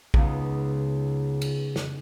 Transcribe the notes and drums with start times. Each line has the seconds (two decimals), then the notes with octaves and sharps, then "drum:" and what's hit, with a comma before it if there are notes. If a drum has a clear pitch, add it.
0.14 C#2 C#3 B3 D#4, drum: kick
1.42 drum: cymbal
1.76 drum: snare